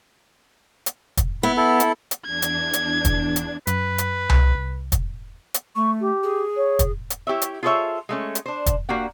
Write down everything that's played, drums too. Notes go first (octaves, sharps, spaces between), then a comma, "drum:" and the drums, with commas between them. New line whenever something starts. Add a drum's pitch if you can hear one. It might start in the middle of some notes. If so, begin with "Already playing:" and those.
drum: hi-hat
drum: kick, hi-hat
B3 E4
E4 A4
drum: hi-hat
drum: hi-hat
E2 D4 G#6
drum: hi-hat
drum: hi-hat
drum: kick, hi-hat
drum: hi-hat
F#2 B4, drum: hi-hat
drum: hi-hat
drum: tom C2
C2
drum: kick, hi-hat
drum: hi-hat
A3 C#6
G4
G#4
C#5
drum: kick, hi-hat
drum: hi-hat
E4 G4 C#5 E5
drum: hi-hat
F4 G#4 A4 C5 C#5 E5
G#3 A3 C#4
drum: hi-hat
D4 C5
drum: kick, hi-hat
A#3 D4 F#4 G4 F#5